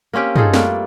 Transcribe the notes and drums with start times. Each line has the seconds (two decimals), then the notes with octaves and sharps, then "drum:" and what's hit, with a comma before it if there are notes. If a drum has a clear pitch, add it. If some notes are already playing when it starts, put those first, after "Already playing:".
0.14 A#3 C4 C#4 G4
0.36 D#4 F4 G#4 A4, drum: tom
0.54 G3 A3 A#3 D4, drum: snare